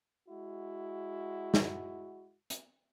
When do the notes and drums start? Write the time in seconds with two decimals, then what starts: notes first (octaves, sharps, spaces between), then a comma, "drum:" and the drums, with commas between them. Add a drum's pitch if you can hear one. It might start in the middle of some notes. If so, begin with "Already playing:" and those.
0.28 G#3 E4 F#4
1.54 drum: snare
2.50 drum: hi-hat